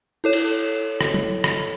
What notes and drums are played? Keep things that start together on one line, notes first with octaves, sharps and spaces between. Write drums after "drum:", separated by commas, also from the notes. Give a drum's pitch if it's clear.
E4 A4 C#5
drum: cymbal
drum: rim click
drum: tom
drum: rim click